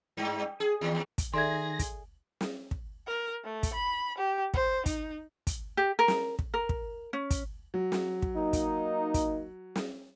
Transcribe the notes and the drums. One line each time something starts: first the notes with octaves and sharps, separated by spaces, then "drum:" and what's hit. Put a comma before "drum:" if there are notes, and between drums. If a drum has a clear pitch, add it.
G2
G#4
D#2
drum: kick, hi-hat
D#3 G#4 A4 D5 E5 C6 G#6 A#6
drum: kick, hi-hat
drum: snare
drum: kick
A#4
A3
drum: kick, hi-hat
B5
G4
C5, drum: kick
D#4, drum: kick, hi-hat
drum: kick, hi-hat
G4
A#4
drum: snare
drum: kick
A#4
drum: kick
C#4
drum: kick, hi-hat
F#3
drum: snare
drum: kick
A#3 D#4
drum: kick, hi-hat
drum: kick, hi-hat
drum: snare